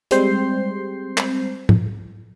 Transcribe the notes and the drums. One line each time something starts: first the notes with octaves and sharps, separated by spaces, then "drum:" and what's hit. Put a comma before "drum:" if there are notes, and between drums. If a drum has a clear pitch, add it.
G3 G#3 C4 C5 G6 C7, drum: hi-hat
drum: clap
drum: tom G#2